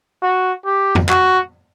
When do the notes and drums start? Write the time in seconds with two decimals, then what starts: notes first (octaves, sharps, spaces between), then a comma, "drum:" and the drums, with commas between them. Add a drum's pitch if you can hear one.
0.22 F#4
0.65 G4
0.95 drum: tom F2
1.09 F#4, drum: clap